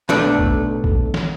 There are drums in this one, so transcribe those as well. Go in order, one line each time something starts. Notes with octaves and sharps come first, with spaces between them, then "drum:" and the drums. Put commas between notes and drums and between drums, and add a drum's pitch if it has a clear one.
B1 A3 D4 A4 D5, drum: snare
drum: kick A#1
drum: kick A#1
drum: snare